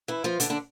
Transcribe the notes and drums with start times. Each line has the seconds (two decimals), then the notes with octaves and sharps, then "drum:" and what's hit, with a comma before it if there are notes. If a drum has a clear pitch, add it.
0.08 E3 E4
0.24 F3 F4
0.40 D3 D4, drum: hi-hat
0.50 D3 D4